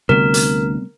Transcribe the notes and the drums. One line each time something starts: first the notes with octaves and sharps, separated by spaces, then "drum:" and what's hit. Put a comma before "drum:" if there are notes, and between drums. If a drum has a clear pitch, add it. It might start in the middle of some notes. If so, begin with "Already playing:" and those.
D2 C3 G3 B3 A#4
drum: hi-hat